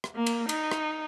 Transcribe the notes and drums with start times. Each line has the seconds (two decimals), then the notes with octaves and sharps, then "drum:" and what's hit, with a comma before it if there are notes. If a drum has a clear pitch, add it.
0.04 drum: rim click
0.15 A#3
0.26 drum: cymbal
0.49 D#4, drum: cymbal
0.72 drum: rim click